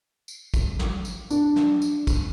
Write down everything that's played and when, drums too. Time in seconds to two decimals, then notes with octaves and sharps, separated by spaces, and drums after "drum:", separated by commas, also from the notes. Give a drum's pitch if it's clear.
0.28 drum: tambourine
0.54 drum: kick, tambourine
0.79 drum: snare
1.05 drum: tambourine
1.30 D4, drum: tambourine
1.56 drum: snare
1.82 drum: tambourine
2.07 drum: kick, tambourine